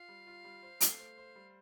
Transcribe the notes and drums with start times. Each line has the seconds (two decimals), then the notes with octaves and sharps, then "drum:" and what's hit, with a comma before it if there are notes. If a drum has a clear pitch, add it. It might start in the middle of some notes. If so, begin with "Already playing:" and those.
Already playing: F4 F5
0.08 G3
0.27 F4
0.44 G3
0.63 C5
0.81 A3, drum: hi-hat
0.99 C5
1.18 C5
1.36 G3